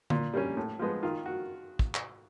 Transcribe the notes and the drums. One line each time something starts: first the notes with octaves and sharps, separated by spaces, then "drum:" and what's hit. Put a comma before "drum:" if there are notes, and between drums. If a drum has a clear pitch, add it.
A#2, drum: tom D3
G3 A#3 C#4
A2
F3 G#3 B3
D#3 F4
F#4
drum: kick
drum: clap